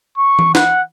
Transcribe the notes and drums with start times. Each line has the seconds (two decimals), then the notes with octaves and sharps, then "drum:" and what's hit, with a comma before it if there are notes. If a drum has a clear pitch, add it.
0.18 C#6
0.39 drum: tom E3
0.55 F#5, drum: snare